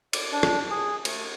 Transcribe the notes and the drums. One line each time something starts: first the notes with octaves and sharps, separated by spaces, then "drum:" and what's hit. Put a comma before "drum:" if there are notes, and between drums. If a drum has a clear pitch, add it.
D5, drum: cymbal
D4
drum: rim click
G#4
A3, drum: cymbal